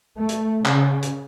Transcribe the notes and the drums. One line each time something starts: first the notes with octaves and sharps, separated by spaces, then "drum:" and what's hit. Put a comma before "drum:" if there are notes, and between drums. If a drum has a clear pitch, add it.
A3
drum: hi-hat
C#3, drum: clap
drum: hi-hat